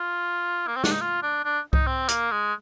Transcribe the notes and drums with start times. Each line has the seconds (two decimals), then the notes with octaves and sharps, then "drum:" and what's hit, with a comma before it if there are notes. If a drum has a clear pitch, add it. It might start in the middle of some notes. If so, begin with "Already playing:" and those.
Already playing: F4
0.67 A#3
0.76 C4
0.84 D4, drum: snare
0.92 D#4
1.01 F4
1.23 D4
1.44 D4
1.73 D#4, drum: kick C2
1.87 C4
2.08 A#3, drum: hi-hat
2.31 G#3